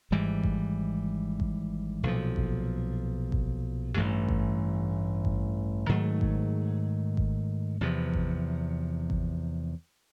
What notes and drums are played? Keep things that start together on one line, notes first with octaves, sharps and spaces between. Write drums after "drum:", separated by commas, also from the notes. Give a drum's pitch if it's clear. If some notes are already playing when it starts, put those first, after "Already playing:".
G#1 G#2 E3 G3
drum: kick G#1
drum: kick G#1
B1 A#2 F3
drum: kick G#1
drum: kick G#1
A1 G2 E3 A3
drum: kick G#1
drum: kick G#1
G#2 D#3 F#3 A3
drum: kick G#1
drum: kick G#1
E2 C3 F3
drum: kick G#1
drum: kick G#1